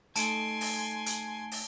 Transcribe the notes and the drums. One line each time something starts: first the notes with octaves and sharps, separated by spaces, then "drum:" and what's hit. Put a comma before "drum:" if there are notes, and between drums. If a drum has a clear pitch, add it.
A3 D#4 A4 G#5 A5 C6 D7, drum: hi-hat
drum: open hi-hat
drum: hi-hat
drum: open hi-hat